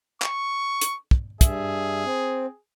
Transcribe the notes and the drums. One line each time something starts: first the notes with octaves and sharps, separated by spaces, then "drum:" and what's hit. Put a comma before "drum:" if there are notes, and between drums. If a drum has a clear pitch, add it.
C#6, drum: clap
drum: hi-hat
drum: kick
G2 G#4 E5, drum: kick, hi-hat
C4